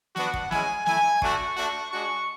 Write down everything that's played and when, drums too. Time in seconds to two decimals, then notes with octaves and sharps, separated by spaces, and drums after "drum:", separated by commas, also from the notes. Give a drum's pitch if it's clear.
0.16 B3 D4 F#4 F#5, drum: snare
0.34 drum: kick
0.51 G#3 C#4 E4 G#5, drum: snare
0.86 A3 E4 G#5, drum: snare
1.22 A3 D4 F#4 C#6, drum: kick
1.56 A3 D4 F#4
1.91 G#3 D4 F#4 C#6